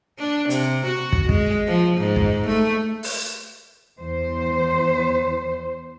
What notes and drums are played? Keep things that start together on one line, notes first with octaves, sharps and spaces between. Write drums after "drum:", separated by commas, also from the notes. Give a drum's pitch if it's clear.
D4
C3, drum: hi-hat
F#4
drum: kick
G#3, drum: kick
F3
G#2
drum: kick
A3
drum: open hi-hat
E2 C5